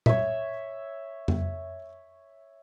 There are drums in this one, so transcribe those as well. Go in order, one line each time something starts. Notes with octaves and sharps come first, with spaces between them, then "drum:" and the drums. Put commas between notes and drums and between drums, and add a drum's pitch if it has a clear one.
C#5 E5, drum: tom A#2
drum: tom F2